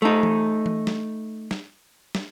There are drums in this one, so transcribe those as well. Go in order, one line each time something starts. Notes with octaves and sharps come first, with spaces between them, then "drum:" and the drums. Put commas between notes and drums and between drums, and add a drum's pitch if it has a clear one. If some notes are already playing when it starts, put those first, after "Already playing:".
A3 D#4
drum: tom E3
drum: tom E3
drum: snare
drum: snare
drum: snare